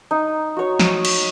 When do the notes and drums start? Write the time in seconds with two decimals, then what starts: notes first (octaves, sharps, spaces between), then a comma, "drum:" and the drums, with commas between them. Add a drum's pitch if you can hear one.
0.11 D#4
0.57 F#4 C#5
0.79 drum: snare
1.05 drum: cymbal